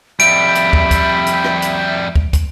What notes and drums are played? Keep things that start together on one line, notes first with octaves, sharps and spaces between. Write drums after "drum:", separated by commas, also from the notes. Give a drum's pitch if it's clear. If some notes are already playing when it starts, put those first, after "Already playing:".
F2 G3 E5 B5 D7, drum: hi-hat
drum: hi-hat
drum: kick
drum: kick, hi-hat
drum: hi-hat
drum: rim click
drum: hi-hat
drum: kick
drum: kick, hi-hat